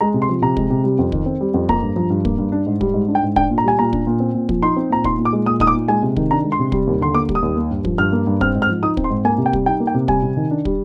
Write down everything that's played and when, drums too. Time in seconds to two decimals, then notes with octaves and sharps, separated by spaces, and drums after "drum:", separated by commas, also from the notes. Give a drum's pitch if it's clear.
0.01 G#3 A#5
0.14 C3
0.22 C6
0.29 F3
0.42 C3 A#5
0.57 G#3, drum: kick
0.70 C3
0.84 G3
0.99 F2
1.12 D#3, drum: kick
1.26 C4
1.41 G3
1.54 F2
1.69 A#3 A#5, drum: kick
1.82 G2
1.96 F3
2.10 G2
2.25 A#3, drum: kick
2.38 G2
2.52 D4
2.67 G#2
2.81 G3, drum: kick
2.94 G#2
3.08 D4
3.15 G5
3.23 G#2
3.36 D4 G5, drum: kick
3.50 A#2
3.58 A#5
3.64 G3 G#5
3.79 A#2 A#5
3.93 D4, drum: kick
4.07 A#2
4.20 C4
4.35 A#2
4.49 F3, drum: kick
4.62 D#4 C6
4.76 C4
4.90 A#2 A#5
5.04 D#4 C6, drum: kick
5.18 A#2
5.25 D6
5.33 G#3
5.46 A#2 D#6
5.60 D#4 D#6, drum: kick
5.67 D6
5.74 A#2
5.88 G#3 G#5
6.02 C3
6.16 D#3, drum: kick
6.31 D4 A#5
6.44 G#3
6.52 C6
6.59 C3
6.72 G3, drum: kick
6.87 D#2
7.01 D3 C6
7.14 A#3 D6
7.29 G3, drum: kick
7.35 D#6
7.42 D#2
7.56 A#3
7.70 G2
7.85 F3, drum: kick
7.98 G2 F6
8.12 A#3
8.27 G2
8.41 C4 F6, drum: kick
8.55 G#2
8.62 F6
8.69 F3
8.82 D#4 D#6
8.97 C4, drum: kick
9.04 C6
9.10 G#2
9.25 A#3 G#5
9.38 C3
9.46 G5
9.53 G3, drum: kick
9.66 D#4 G5
9.80 A#3
9.87 G5
9.94 C3
10.08 G3 G#5, drum: kick
10.23 C3
10.37 D#3
10.51 D4
10.65 G3, drum: kick